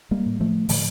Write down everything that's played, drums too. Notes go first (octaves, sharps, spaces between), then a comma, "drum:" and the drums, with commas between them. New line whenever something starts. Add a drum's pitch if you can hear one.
G3 A#3
A2
F3 A3
A2 D3 F3, drum: open hi-hat